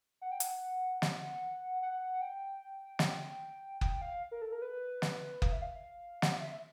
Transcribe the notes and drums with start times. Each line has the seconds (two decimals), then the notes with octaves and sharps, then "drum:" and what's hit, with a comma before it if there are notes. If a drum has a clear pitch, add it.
0.21 F#5
0.31 G5
0.40 F#5, drum: hi-hat
1.02 F#5, drum: snare
1.82 F#5
2.22 G5
2.99 drum: snare
3.81 G5, drum: kick F#1
4.02 F5
4.31 A#4
4.42 A4
4.52 A#4
4.62 B4
5.02 drum: snare
5.42 F5, drum: kick F#1
5.52 E5
5.62 F5
6.22 F#5, drum: snare
6.32 F5
6.41 E5
6.51 E5